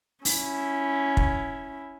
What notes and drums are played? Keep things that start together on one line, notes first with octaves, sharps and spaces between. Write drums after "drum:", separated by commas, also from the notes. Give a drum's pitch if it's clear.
C#4 E4, drum: open hi-hat
drum: kick